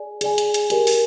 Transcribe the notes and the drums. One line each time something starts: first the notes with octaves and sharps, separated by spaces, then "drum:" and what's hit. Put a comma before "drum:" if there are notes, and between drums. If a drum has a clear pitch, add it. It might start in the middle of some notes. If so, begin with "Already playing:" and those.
Already playing: G#4 D5 G#5
G#4 D5 G#5, drum: hi-hat
drum: hi-hat
drum: hi-hat
G4 A#4 D5 G#5, drum: hi-hat
drum: open hi-hat